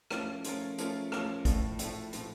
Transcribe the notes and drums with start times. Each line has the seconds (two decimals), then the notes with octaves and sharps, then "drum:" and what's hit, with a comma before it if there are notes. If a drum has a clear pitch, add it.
0.10 F3 A3 C#4 F4 A#4, drum: rim click
0.44 F3 A3 C#4 F4 A#4, drum: hi-hat
0.78 F3 A3 C#4 F4 A#4, drum: hi-hat
1.12 F3 A3 C#4 F4 A#4, drum: rim click
1.45 A2 F3 A3, drum: kick, hi-hat
1.79 A2 F3 A3, drum: hi-hat
2.13 A2 F3 A3, drum: hi-hat